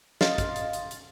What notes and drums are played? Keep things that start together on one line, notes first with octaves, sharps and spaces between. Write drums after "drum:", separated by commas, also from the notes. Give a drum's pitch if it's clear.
D#5 F5 C6 A6, drum: snare
drum: kick, hi-hat
drum: hi-hat
drum: hi-hat
drum: hi-hat